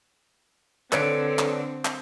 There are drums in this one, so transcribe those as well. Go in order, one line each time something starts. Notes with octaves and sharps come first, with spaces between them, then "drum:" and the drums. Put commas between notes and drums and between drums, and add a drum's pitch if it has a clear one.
D3 C4 A4 B4 C#5 D5, drum: clap
drum: clap
drum: clap